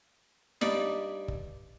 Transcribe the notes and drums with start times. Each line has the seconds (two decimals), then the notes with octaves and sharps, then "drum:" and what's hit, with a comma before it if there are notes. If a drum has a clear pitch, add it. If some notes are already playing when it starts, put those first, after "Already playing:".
0.61 G2 D#4 D5 B5, drum: snare
1.28 drum: kick